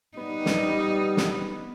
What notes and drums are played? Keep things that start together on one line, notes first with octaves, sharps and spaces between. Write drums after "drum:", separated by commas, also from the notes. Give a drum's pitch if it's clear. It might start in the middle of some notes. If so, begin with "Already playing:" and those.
G3 B3 D#4
drum: snare
drum: snare